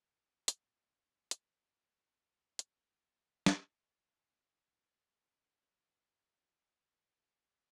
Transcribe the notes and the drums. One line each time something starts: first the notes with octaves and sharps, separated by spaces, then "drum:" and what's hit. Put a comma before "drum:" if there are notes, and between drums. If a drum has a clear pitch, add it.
A#2 F#5, drum: hi-hat
C6
drum: hi-hat
F2 F3
drum: hi-hat
drum: snare
G1 A2 A3 C#4
C#3 C#4 G#4
F#2 G#3 E4 F4 B4
F5
G#3 G4 D5 A#5 C6
G#4 C#5 G#5